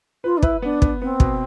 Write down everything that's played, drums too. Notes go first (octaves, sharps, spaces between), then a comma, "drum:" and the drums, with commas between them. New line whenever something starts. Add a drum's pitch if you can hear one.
F4 B4
D4
E4 B4, drum: kick
B3 D4
B3, drum: kick
B3 C4
B2, drum: kick